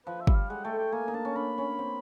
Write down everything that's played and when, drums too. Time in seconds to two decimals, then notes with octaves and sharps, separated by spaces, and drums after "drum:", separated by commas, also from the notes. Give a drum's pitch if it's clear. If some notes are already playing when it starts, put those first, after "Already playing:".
0.06 F3 B4
0.21 E5
0.27 G3, drum: kick
0.35 F5
0.50 G#3 F#5
0.64 A3 G5
0.78 G5
0.92 A#3 G#5
1.08 D#4
1.14 D4 A5
1.25 C#4
1.36 D4 B5
1.58 C#4
1.79 C4